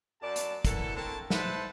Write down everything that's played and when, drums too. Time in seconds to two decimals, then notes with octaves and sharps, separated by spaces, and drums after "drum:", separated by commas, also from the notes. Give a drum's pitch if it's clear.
0.22 F#2 D5 A5
0.36 drum: hi-hat
0.65 E3 F#3 A#3 A4, drum: kick, hi-hat
0.96 D3 A3 A#3 C4 A#4 A5
1.30 B4 C5 E5 F#5 A5, drum: snare